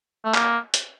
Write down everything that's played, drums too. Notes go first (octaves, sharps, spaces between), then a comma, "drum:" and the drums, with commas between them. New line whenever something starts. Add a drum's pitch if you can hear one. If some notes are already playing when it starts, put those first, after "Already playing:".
A3
A#3, drum: clap
drum: hi-hat